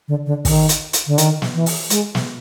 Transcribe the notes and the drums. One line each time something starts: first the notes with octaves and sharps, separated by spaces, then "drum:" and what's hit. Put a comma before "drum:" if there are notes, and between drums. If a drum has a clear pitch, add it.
D3
D3
D#3, drum: kick, open hi-hat
drum: hi-hat
drum: hi-hat
D3
D#3, drum: hi-hat
drum: snare
E3
drum: open hi-hat
G#3, drum: hi-hat
drum: snare